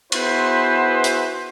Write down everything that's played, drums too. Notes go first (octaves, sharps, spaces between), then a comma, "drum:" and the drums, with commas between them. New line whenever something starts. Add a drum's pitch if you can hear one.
B3 E4 F#4 G#4 B4 C5, drum: cymbal
drum: hi-hat